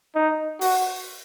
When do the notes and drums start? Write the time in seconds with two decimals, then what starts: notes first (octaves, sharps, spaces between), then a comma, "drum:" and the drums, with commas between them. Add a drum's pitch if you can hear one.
0.15 D#4
0.61 F#4, drum: open hi-hat